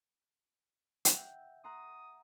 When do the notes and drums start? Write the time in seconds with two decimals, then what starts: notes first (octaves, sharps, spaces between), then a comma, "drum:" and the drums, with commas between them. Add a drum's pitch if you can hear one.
1.05 E5 F#5 G5, drum: hi-hat
1.64 F#5 A#5 C6 D#6